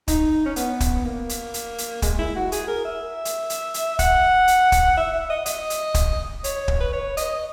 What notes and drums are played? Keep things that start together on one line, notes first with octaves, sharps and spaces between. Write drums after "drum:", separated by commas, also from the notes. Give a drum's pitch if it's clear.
D#4, drum: kick, hi-hat
C#4
B3, drum: hi-hat
drum: kick, hi-hat
A#3
drum: hi-hat
drum: hi-hat
drum: hi-hat
G#3, drum: kick, hi-hat
E4
F#4
G#4, drum: hi-hat
A#4
E5
drum: hi-hat
drum: hi-hat
drum: hi-hat
F#5, drum: kick, hi-hat
drum: hi-hat
drum: kick, hi-hat
E5
E5
D#5
D#5, drum: hi-hat
drum: hi-hat
drum: kick, hi-hat
C#5, drum: hi-hat
drum: kick
B4
C#5
D#5, drum: hi-hat